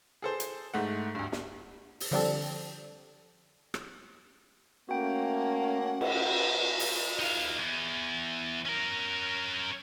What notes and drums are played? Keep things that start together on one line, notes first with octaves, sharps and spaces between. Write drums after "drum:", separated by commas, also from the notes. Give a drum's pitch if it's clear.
G#4 A4 C5
drum: hi-hat
G#2 A3 F#5
D2 G2
drum: snare
drum: open hi-hat
D3 F3 G3 C4 D4 A4
drum: rim click
A3 A#3 C#4 F#4 F#5 G5
drum: cymbal
drum: open hi-hat
D#4 F5
E2
C#4 A#4